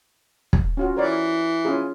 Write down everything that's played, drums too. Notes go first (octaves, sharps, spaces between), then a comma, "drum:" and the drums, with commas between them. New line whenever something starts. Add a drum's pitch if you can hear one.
drum: kick
C#4 F4 F#4
E3 A#4 C#5 D5
C#4 F4 G#4